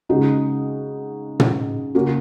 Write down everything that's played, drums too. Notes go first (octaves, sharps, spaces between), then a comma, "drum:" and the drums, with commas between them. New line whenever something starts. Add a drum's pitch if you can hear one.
C#3 G#3 D#4 F#4
drum: tom
C#3 A#3 C#4 F#4